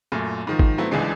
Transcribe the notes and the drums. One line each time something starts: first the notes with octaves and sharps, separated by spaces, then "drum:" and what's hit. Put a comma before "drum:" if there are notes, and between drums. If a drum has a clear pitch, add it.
F#2 A#2 A3
G#2 D#3 F3
drum: kick
F#3 A3 B3 C4 E4
D1 C#2 E3 G#3 D4